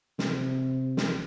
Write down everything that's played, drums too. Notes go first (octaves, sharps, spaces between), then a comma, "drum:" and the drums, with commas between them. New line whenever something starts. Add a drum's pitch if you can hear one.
C3, drum: snare
drum: snare